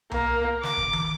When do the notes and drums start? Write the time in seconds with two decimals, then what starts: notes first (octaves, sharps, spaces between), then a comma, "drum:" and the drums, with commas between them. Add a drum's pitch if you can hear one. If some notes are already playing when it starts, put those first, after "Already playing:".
0.11 A#3, drum: tom C2
0.63 D6, drum: snare
0.77 drum: kick
0.93 drum: tom D#3